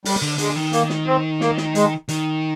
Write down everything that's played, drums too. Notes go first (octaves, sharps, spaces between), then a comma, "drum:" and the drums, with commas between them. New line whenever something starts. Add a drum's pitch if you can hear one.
G3, drum: open hi-hat
D3
D3 G#3, drum: hi-hat
D#3
A#3, drum: hi-hat
drum: snare
C4
A#3, drum: snare
drum: snare
G#3, drum: hi-hat
D#3, drum: hi-hat